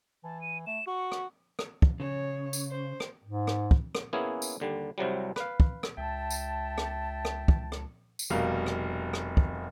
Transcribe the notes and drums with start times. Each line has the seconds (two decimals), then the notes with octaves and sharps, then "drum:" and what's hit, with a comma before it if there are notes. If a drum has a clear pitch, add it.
0.24 E3 A5
0.41 D#7
0.67 A3 E7
0.87 F#4 C#6
1.12 drum: rim click
1.59 drum: rim click
1.82 drum: kick
2.00 C#3 C#5
2.53 drum: tambourine
2.71 C5
3.00 drum: rim click
3.25 G#2
3.47 drum: rim click
3.71 drum: kick
3.95 drum: rim click
4.13 A#3 B3 C#4 E4 G#4
4.42 drum: tambourine
4.60 D#2 D3 G3
4.98 C2 C3 F#3 G3
5.36 B4 F5, drum: rim click
5.60 drum: kick
5.83 drum: rim click
5.98 C#2 E5 G5 A5
6.30 drum: tambourine
6.78 drum: rim click
7.25 drum: rim click
7.48 drum: kick
7.72 drum: rim click
8.19 drum: tambourine
8.30 F1 B2 G3 A#4 F5
8.66 drum: rim click
9.13 drum: rim click
9.37 drum: kick